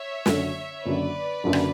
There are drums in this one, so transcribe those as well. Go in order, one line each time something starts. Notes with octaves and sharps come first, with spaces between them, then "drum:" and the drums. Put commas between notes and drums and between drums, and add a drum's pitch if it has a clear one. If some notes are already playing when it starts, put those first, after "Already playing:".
Already playing: C#5 E5
F#1 F#2 D3 F#3, drum: snare
F#1 F#2 D3 F#3 B4 D5
F#1 F#2 D3 F#3
drum: rim click